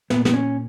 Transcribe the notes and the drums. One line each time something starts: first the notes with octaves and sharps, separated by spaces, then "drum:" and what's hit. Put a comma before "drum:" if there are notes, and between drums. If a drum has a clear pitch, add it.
A#2 B3, drum: snare
B3, drum: snare
C#4